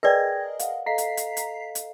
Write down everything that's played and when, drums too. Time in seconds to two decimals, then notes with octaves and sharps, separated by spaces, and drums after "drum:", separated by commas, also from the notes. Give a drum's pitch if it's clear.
0.03 G#4 A#4 B4 D5 D#5 G5 G#6 A#6
0.59 F5 F#5, drum: hi-hat
0.86 A4 D#5 F5 A#5 B6 C7
0.98 drum: hi-hat
1.17 drum: hi-hat
1.37 drum: hi-hat
1.75 drum: hi-hat